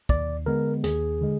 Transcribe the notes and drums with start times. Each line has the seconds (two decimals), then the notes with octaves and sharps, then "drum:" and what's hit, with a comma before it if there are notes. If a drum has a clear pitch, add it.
0.09 D#2 D5, drum: kick
0.46 D3 G#3 B3 A#4
0.84 D#2 G#4, drum: hi-hat
1.21 D3 G#3